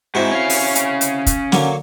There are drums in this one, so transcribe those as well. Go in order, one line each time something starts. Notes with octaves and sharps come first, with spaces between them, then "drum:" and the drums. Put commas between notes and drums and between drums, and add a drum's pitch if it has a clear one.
G#2 C4 E4 F#4
C#4 F5
drum: open hi-hat
drum: hi-hat
drum: hi-hat
drum: kick, hi-hat
D3 F#3 A#3, drum: snare